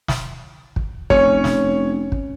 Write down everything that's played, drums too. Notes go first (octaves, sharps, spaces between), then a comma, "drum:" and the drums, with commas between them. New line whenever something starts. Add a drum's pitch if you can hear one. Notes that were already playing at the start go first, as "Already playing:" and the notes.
drum: snare
drum: kick
F1 C#4 C#5, drum: kick
drum: snare
drum: kick